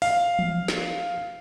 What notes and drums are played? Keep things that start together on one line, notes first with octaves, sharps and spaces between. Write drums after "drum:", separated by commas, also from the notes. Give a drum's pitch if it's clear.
F5, drum: open hi-hat
drum: tom E3
drum: snare